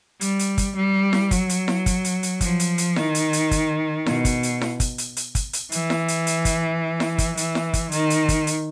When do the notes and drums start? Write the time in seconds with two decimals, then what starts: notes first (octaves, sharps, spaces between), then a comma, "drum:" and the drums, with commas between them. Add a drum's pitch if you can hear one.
0.21 G3, drum: hi-hat
0.39 drum: hi-hat
0.58 drum: kick, hi-hat
0.76 G3
1.13 drum: snare E4
1.31 F#3, drum: kick, hi-hat
1.49 drum: hi-hat
1.68 drum: snare E4
1.86 drum: kick, hi-hat
2.05 drum: hi-hat
2.23 drum: hi-hat
2.41 F3, drum: kick, hi-hat
2.60 drum: hi-hat
2.78 drum: hi-hat
2.96 D#3, drum: snare E4
3.15 drum: hi-hat
3.33 drum: hi-hat
3.51 drum: kick, hi-hat
4.06 B2, drum: snare E4
4.25 drum: kick, hi-hat
4.43 drum: hi-hat
4.61 drum: snare E4
4.80 drum: kick, hi-hat
4.98 drum: hi-hat
5.17 drum: hi-hat
5.35 drum: kick, hi-hat
5.53 drum: hi-hat
5.72 E3, drum: hi-hat
5.90 drum: snare E4
6.08 drum: hi-hat
6.27 drum: hi-hat
6.45 drum: kick, hi-hat
7.00 drum: snare E4
7.18 drum: kick, hi-hat
7.37 E3, drum: hi-hat
7.55 drum: snare E4
7.74 drum: kick, hi-hat
7.92 D#3, drum: hi-hat
8.10 drum: hi-hat
8.29 drum: kick, hi-hat
8.47 drum: hi-hat